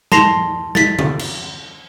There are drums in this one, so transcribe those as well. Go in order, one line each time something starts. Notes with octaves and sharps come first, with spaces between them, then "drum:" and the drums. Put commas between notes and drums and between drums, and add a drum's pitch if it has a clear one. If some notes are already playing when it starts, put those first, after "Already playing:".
A5 C6 A#6 C7 F7, drum: snare
A6 B6, drum: snare
drum: tom C#3
drum: cymbal